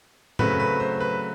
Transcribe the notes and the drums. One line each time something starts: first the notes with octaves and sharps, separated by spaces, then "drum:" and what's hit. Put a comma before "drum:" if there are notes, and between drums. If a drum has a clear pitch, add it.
C#3 F#3 A3 C4 B4, drum: tom A2
B4
C5
B4